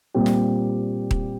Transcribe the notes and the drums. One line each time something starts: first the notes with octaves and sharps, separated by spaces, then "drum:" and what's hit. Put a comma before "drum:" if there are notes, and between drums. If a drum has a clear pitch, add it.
A#2 G3 C4 G4
drum: snare
drum: kick D#1